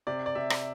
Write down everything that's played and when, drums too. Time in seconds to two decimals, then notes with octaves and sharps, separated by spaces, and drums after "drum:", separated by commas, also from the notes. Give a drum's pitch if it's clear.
0.07 C3 D5
0.26 D5
0.35 C3 E5
0.50 drum: rim click